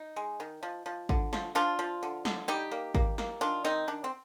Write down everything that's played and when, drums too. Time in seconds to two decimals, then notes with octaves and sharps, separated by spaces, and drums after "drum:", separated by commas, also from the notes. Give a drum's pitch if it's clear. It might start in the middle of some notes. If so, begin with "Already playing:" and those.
Already playing: D#4
0.16 G#3
0.40 D#3
0.63 F3
0.86 F3
1.09 D3, drum: kick G#1
1.33 F3, drum: snare
1.55 F3 D4 F4
1.79 F3
2.03 D3
2.25 D3, drum: snare
2.48 G3 D#4 G4
2.71 A#3
2.95 A#3, drum: kick G#1
3.18 A#3, drum: snare
3.41 D#3 D4 F4
3.64 D#3 C4 D#4
3.88 D#3 D4
4.04 C4